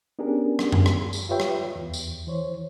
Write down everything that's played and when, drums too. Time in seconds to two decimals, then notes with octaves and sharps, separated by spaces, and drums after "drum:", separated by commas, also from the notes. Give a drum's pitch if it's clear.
0.19 B3 C#4 D4 G4 G#4 A#4
0.59 drum: rim click
0.72 drum: tom F#2
0.86 drum: rim click
1.13 drum: tambourine
1.29 F4 G4 B4 C#5 E5 G5
1.40 drum: rim click
1.75 E2
1.93 drum: tambourine
2.27 E3 C5 C#5